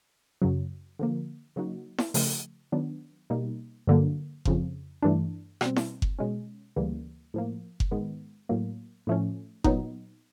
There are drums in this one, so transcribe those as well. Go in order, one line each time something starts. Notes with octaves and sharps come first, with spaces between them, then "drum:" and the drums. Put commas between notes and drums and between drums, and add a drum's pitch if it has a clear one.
F#2 C#3 F#3
D3 F3 A#3
C#3 F#3 A#3 D#4 F#4
drum: snare E4
C#3 F3 A3, drum: open hi-hat
D#3 F#3 B3 D4
B2 G3 A#3 D#4
G2 D3 F#3 A#3
F2 C#3 F3, drum: kick F#1
G2 E3 A3 D4
B2 G3 C4, drum: rim click
drum: snare E4
drum: kick F#1
B2 G#3 C#4
D2 C#3 E3 G3 A#3
A2 F3 A#3
drum: kick F#1
G#2 D#3 G#3 B3
A2 F#3 A#3
A2 F3 A3 C#4
A#2 F#3 B3 D#4, drum: kick F#1